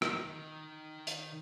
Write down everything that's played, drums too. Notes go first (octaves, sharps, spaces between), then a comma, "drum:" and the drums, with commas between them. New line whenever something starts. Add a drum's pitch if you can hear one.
D#3 D#4, drum: rim click
drum: hi-hat